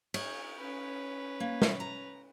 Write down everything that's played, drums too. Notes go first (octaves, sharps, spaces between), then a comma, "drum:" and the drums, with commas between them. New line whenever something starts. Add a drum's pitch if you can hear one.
C#5, drum: cymbal
C#4 B4
A#3
drum: snare
A#5